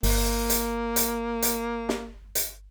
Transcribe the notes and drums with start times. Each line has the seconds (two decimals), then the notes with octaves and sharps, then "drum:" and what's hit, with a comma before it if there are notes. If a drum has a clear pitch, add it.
0.03 G1 A#3, drum: open hi-hat
0.50 drum: hi-hat
0.96 drum: hi-hat
1.42 drum: hi-hat
1.89 drum: snare
2.35 drum: hi-hat